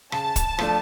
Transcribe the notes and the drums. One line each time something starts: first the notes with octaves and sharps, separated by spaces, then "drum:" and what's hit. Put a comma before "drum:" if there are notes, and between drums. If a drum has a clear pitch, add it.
C#3 A5, drum: rim click
drum: kick, hi-hat
F3 A3 D4, drum: rim click